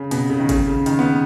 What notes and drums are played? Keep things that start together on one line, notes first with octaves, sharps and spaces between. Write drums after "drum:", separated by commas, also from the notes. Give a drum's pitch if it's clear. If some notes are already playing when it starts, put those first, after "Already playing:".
Already playing: C#3
B2, drum: hi-hat
C#3
D#3
C#3, drum: kick, hi-hat
C#3
D#3, drum: hi-hat
B3